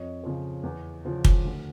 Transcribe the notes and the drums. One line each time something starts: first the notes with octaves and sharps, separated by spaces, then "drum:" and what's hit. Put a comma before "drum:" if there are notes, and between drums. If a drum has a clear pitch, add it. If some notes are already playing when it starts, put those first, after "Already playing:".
Already playing: F2 C#5 D#5
C#3 F3
E2
C#3 F3
drum: kick
D2